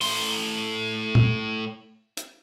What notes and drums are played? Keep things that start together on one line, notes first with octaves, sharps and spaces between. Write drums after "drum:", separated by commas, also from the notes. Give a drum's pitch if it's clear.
A2 C6, drum: open hi-hat
drum: tom
drum: hi-hat